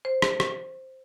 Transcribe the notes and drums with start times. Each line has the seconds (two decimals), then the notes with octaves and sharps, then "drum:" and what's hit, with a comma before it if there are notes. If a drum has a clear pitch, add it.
0.05 C5
0.22 drum: rim click
0.40 drum: rim click